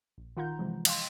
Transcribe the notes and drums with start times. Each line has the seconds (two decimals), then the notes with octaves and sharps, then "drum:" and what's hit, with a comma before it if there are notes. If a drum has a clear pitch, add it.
0.18 A#1
0.37 D#3 F4 F#5 A#5 G6
0.59 C3 E3 F3 G#3
0.85 D#5 F5 G5 C6, drum: cymbal